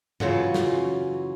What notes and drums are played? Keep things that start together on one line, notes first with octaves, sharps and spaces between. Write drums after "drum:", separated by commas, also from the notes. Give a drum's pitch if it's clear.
F#2 C#3 E3 F4 F#4, drum: tom G2
drum: snare